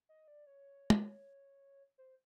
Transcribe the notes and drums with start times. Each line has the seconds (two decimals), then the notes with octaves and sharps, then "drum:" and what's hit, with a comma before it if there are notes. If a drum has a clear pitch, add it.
0.09 D#5
0.28 D5
0.46 C#5
0.90 drum: tom
1.98 C5